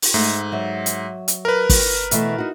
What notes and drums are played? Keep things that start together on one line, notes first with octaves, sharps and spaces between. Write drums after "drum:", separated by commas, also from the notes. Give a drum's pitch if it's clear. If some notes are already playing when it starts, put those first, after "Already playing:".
drum: open hi-hat
G#2 A3
F#3 E5
drum: hi-hat
drum: hi-hat
A#4 B4
drum: kick, open hi-hat
B2 E3 A3, drum: hi-hat
D#4 F#4